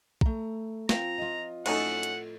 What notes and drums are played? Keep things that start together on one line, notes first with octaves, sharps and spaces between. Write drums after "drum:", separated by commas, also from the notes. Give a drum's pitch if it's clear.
A3 A#5, drum: kick
F3 C4 A#5, drum: snare
F4 D#5
A2 F#3 C#4 D#4 A4 F#5, drum: cymbal
drum: hi-hat